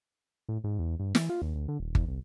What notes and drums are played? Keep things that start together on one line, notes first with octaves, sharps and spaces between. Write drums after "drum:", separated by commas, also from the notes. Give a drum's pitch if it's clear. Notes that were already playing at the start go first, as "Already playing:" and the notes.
A2
G#2
E2
G2
E3, drum: snare
F4
D#2
D2
D3
D#1
E2, drum: kick G1
C2